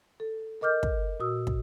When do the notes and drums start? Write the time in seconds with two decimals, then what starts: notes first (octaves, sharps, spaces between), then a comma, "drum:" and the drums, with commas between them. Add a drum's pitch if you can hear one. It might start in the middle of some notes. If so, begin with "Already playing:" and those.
0.20 A4
0.61 A#4 D#5 D6 F6 G6
0.83 drum: kick
1.20 A#2 F#4 D#6 E6
1.47 drum: kick